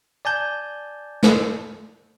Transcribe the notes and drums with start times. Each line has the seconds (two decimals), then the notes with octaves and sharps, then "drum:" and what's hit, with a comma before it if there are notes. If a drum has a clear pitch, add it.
0.25 D5 G#5 A5 G6
1.23 drum: snare